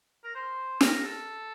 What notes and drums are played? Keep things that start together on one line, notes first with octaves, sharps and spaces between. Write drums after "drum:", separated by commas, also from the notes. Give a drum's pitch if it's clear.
A#4
C5
A#4, drum: snare
A4